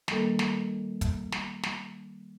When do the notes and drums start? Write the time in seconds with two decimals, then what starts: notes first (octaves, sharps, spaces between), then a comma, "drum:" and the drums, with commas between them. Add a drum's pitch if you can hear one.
0.08 D#3 G3 A#3 D4 A4 A#4, drum: snare
0.39 drum: snare
1.01 drum: kick, hi-hat
1.32 drum: snare
1.63 drum: snare